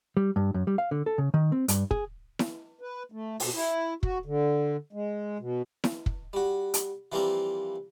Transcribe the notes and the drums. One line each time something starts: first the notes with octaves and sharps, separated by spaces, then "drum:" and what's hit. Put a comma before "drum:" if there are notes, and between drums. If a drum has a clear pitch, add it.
G3
G2
F#2
G3
F5
D3
A4
C#3
D#3
C4
G2, drum: hi-hat
G#4, drum: kick
drum: snare E4
B4
A3
B2, drum: open hi-hat
E4
F#4, drum: kick
D3
G#3
B2
drum: snare E4
drum: kick
G3 F#4
drum: hi-hat
E3 F3 G3 A#3 C4 A#4